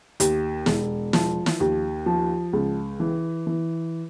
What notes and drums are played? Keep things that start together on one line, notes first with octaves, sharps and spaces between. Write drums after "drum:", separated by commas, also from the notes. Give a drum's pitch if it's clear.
D#2, drum: hi-hat
E1, drum: snare
F3, drum: snare
drum: snare
D#2
F3
C#2
E3
E3